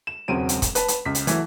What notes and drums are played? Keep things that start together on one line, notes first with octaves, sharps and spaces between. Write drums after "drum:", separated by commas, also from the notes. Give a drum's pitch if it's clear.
E7
E1 C#2 F#3 C4 D7 D#7
drum: hi-hat
drum: kick, hi-hat
B4 A5, drum: hi-hat
drum: hi-hat
C#2 B6
drum: hi-hat
E3 F#3 A3, drum: hi-hat